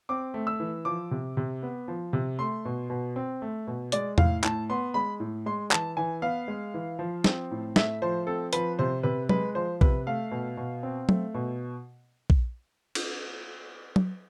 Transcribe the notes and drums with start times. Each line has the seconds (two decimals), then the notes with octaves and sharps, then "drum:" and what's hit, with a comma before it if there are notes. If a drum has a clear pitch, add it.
0.09 C4 D6
0.34 A3
0.47 E6
0.60 E3
0.85 F3 D6
1.11 C3
1.37 C3
1.63 B3
1.88 F3
2.13 C3
2.39 A3 C6
2.65 B2
2.90 B2
3.16 C4
3.42 A3
3.67 B2
3.92 G#3 D5, drum: hi-hat
4.18 A2 F5, drum: tom E2
4.44 A2 A5, drum: clap
4.70 B3 C6
4.94 G#3 B5
5.20 A2
5.46 G#3 C6
5.71 E3 A5, drum: clap
5.97 E3 G#5
6.22 B3 F5
6.48 G#3
6.74 E3
6.99 F3
7.24 C4, drum: snare
7.51 A2
7.76 A3 E5, drum: snare
8.02 F3 C5
8.27 C4 A4
8.53 F3 B4, drum: hi-hat
8.79 C3 C5
9.03 C3 B4
9.29 G#3 B4, drum: tom F#3
9.55 F3 C5
9.81 C3 B4, drum: kick A#1
10.07 A3 F5
10.31 B2
10.57 B2
10.83 C4
11.09 A3, drum: tom F#3
11.34 B2
12.30 drum: kick A#1
12.95 drum: cymbal
13.96 drum: tom F#3